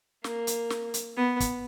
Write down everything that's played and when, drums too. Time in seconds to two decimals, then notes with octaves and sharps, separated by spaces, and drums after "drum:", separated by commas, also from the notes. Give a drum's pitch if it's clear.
0.24 A#3, drum: snare
0.47 drum: hi-hat
0.70 drum: snare
0.94 drum: hi-hat
1.17 B3
1.40 drum: kick, hi-hat